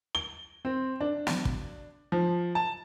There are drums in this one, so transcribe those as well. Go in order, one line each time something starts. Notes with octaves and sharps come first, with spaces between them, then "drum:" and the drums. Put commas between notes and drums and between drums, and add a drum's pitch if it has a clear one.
G7
C4
D4
drum: snare
drum: kick
F3
A5